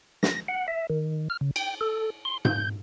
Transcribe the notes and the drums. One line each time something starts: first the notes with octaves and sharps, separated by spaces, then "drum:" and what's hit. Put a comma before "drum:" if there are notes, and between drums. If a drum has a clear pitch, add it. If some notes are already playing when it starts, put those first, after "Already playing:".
A#6, drum: snare
F#5
E5
D#3
F6
C#3
G5, drum: cymbal
A4
C6
G6, drum: tom G#2